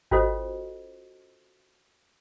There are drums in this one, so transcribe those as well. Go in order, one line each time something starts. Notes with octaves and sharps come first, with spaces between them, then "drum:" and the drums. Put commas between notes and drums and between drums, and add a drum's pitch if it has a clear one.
C#4 F4 F#4 A4 C5 D#5, drum: kick G#1